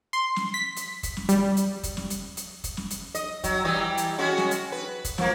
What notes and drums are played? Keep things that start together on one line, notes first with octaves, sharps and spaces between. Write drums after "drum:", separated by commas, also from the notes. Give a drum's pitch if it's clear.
C6
drum: snare
B6
drum: hi-hat
drum: kick, hi-hat
drum: snare
G3, drum: hi-hat
drum: hi-hat
drum: kick, hi-hat
drum: snare
drum: hi-hat
drum: hi-hat
drum: kick, hi-hat
drum: snare
drum: hi-hat
D#5, drum: hi-hat
F#3, drum: kick, hi-hat
E3 G3 D#5
drum: hi-hat
G#3 C#4 F#4
drum: snare
drum: hi-hat
B4
drum: kick, hi-hat
F3 A#3, drum: snare